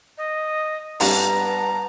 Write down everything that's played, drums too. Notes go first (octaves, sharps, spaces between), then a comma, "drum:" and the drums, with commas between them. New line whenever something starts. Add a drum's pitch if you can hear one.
D#5
G2 G3 B3 D4 A5 A#5, drum: open hi-hat